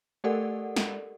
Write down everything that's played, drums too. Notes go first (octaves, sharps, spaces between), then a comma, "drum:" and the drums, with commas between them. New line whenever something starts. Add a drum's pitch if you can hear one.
A3 G4 A4 A#4 D5 F#5
drum: snare